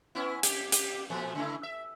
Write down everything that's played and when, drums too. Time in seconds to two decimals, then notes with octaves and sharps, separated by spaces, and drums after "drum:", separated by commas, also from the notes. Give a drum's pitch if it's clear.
0.15 B3 C#4 E4
0.43 G4, drum: hi-hat
0.72 G4, drum: hi-hat
1.10 A#2 F3 A3
1.35 C#3 A3 E4
1.63 E5